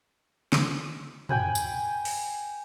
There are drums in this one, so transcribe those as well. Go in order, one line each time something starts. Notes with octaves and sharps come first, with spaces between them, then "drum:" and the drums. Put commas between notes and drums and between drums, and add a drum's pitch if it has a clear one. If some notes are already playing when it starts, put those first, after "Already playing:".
drum: snare
G5 G#5 B5, drum: tom
drum: tambourine
drum: open hi-hat